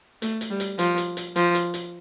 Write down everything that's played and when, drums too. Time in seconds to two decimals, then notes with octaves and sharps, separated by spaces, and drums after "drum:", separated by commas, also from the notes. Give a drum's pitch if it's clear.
0.22 A3, drum: hi-hat
0.41 drum: hi-hat
0.50 G3
0.60 drum: hi-hat
0.79 F3, drum: hi-hat
0.98 drum: hi-hat
1.17 drum: hi-hat
1.36 F3, drum: hi-hat
1.55 drum: hi-hat
1.74 drum: hi-hat